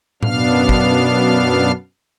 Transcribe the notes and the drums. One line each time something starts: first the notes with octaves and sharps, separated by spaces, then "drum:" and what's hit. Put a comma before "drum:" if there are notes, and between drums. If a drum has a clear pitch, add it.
F#2 B2 B3 D4 F5 F6, drum: tom A2
drum: kick